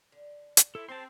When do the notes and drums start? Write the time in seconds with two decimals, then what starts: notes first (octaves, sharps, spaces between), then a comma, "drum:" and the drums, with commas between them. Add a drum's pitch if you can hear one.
0.12 D3
0.57 drum: hi-hat
0.75 E4 A4 C5 C#5
0.89 F3 G#3 C4 C#4 A5 C6